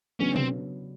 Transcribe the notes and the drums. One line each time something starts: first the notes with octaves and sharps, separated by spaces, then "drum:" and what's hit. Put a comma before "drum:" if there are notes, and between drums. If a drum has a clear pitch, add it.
C#3 F#3 B3 C#4 D4
C4, drum: tom B2